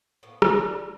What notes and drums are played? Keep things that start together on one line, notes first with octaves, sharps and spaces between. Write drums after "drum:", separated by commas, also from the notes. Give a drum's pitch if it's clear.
A2 A#3 B3
D5 A#5, drum: rim click